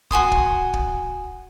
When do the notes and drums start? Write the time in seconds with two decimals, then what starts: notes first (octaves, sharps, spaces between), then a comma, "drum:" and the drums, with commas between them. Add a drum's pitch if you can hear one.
0.11 F#4 G#5 C6 D#6, drum: kick
0.32 drum: kick
0.73 drum: kick